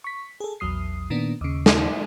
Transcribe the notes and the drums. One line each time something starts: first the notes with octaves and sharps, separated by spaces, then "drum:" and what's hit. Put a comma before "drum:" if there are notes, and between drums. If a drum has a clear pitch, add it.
C#6 B6
G#4 A4
A#1 E2 F#3 D#6 C7
A#2 D#3 A#3 B3 D4
D#2 C#3
drum: snare